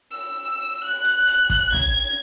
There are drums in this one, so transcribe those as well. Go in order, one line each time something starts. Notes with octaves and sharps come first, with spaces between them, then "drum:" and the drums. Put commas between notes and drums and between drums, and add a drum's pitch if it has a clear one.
E6
F#6
drum: hi-hat
drum: hi-hat
drum: kick, hi-hat
G#6, drum: tom B1